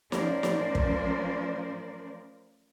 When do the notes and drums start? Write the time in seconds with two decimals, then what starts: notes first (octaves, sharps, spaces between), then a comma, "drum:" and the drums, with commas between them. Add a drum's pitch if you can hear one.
0.12 F3 A3 C#4 A#4 C5 D5, drum: snare
0.43 drum: snare
0.75 drum: kick